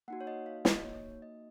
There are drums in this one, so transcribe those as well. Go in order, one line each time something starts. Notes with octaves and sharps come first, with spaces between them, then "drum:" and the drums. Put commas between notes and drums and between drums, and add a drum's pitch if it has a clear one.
A#3 D#4 F#4 F#5
C#5
D#5
F5
D#5, drum: snare
A#3 D#4 F#4 C#5
D#5